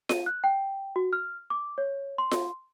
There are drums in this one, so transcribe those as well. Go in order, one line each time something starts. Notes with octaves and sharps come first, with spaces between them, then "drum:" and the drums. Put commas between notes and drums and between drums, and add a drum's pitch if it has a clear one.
D#7, drum: snare F4
F#6
G5
F#4
F6
D6
C#5
C6
drum: snare F4